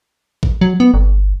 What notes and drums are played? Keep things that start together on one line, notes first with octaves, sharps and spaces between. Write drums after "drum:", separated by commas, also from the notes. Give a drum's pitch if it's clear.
drum: kick A1
F#3
B3
G1